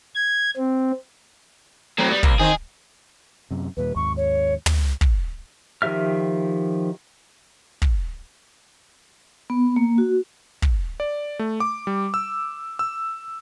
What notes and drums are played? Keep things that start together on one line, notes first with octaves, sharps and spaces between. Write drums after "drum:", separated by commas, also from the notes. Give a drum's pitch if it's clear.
G#6
C4
A2 F#3 C4
G3 B3
C2 A#3, drum: kick
D#3 C4 G#4
F#2 C3
D#2 A#2 G3 B4
D#2 G#2 C#6
C#5
drum: tom
drum: kick
D#3 F3 G4 E5 F6
drum: kick
B3
A#3
F#4
drum: kick
D5
A3
D6
G3
E6
E6